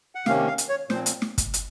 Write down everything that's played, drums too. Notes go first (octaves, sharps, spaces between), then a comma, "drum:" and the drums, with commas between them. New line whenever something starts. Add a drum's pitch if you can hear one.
F#5
C3 D#3 A#3 C#4 F5, drum: snare
F5
drum: hi-hat
C#5
A#2 F3 C4 C5, drum: snare
drum: hi-hat
drum: snare
drum: kick, hi-hat
drum: hi-hat